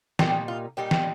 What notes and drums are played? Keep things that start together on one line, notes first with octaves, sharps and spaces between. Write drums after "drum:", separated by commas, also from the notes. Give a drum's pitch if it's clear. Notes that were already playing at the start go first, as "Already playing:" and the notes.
A#2 G3 D#4 G4, drum: snare
F4
A#2 G3 D#4 G4
drum: snare